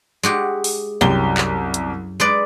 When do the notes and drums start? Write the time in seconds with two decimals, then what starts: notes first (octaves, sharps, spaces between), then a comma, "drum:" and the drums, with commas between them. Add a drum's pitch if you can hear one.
0.23 G#3 F#4 G4
0.64 drum: open hi-hat
1.01 C2 F#2 G4 G7
1.37 drum: clap
1.74 drum: hi-hat
2.20 G#3 B4 D5